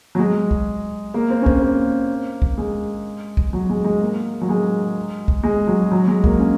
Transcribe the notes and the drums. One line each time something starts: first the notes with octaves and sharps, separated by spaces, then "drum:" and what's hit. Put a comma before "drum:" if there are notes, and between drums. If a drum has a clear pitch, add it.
F#3
G#3
drum: kick
A#3
C4
C#4
C4, drum: kick
A#3
drum: kick
G#3
drum: kick
F#3
G#3
G#3
A#3
F#3
G#3
drum: kick
G#3
F#3
F#3
G#3
A#3, drum: kick
C#4